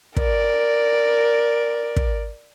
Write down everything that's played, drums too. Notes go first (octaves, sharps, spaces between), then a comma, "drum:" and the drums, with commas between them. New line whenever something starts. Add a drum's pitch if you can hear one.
A#4 D5, drum: kick
drum: kick